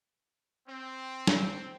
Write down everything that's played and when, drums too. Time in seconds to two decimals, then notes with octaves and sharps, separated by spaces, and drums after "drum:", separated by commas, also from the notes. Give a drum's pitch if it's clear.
0.68 C4
1.27 drum: snare